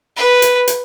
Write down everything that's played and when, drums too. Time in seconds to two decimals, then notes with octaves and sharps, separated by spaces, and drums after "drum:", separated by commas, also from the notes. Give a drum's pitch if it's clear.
0.17 B4
0.42 drum: hi-hat
0.67 drum: hi-hat